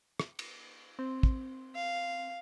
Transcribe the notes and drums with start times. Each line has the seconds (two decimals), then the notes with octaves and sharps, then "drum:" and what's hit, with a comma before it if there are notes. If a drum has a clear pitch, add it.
0.20 drum: rim click
0.39 drum: cymbal
0.99 C4
1.23 drum: kick
1.75 F5